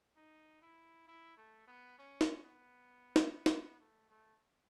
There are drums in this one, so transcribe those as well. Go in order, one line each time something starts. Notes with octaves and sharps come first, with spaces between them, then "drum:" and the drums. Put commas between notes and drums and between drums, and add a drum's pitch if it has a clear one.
D#4
E4
E4
A3
B3
C#4
drum: snare
B3
drum: snare
drum: snare
A3
A3